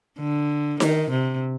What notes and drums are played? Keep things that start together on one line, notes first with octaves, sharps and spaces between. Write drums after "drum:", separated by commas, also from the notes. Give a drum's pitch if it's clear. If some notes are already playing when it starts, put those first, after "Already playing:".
D3
D#3, drum: snare D#4
C3